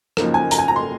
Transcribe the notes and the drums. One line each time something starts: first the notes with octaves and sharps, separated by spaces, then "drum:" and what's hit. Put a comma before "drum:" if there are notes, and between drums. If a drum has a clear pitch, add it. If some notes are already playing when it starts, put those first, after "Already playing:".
F#1 F#2 F3 A#3 D#4 A#4, drum: rim click
G#5
A#5, drum: hi-hat
G#5
A#5
C6